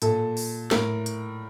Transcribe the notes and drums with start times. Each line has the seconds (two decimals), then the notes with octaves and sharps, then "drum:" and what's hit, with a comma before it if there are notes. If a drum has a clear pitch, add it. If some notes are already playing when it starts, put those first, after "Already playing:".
0.02 A#2 A4, drum: hi-hat
0.37 drum: open hi-hat
0.71 A2 A#4, drum: snare
1.06 drum: hi-hat